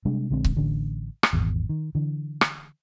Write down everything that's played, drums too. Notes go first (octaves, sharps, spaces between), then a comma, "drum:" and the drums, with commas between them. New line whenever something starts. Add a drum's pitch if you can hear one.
C3 G3 G#3 D4
A#1 D3 G#3 C4
drum: kick C#1
A1 D3 C#4
drum: rim click
D#1 G#1 E2
D#3
D3 E3
drum: rim click